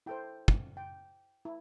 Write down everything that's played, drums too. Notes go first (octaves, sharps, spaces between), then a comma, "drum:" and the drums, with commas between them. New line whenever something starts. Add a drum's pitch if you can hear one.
E4 A4 C5 G5
drum: kick
G5
E4